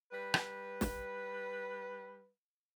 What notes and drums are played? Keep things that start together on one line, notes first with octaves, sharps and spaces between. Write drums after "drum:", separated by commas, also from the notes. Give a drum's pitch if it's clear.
G3 B4
drum: rim click
drum: snare